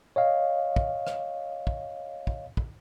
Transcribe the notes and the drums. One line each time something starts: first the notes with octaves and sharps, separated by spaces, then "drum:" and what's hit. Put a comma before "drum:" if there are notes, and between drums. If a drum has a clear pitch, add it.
C#5 D#5 F5
drum: kick
drum: rim click
drum: kick
drum: kick
drum: kick